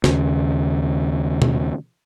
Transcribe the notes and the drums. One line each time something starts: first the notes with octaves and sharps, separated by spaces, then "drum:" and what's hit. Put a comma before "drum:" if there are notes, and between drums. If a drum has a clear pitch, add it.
D#2 C#3, drum: snare
drum: tom